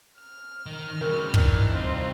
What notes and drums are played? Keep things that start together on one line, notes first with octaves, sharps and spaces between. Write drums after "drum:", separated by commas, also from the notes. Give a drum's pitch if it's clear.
F6
D#3
C#3 G3 C4 F#4 A#4
E3 C4 D4 D#4, drum: kick
C2 C4 D#4 F4 F5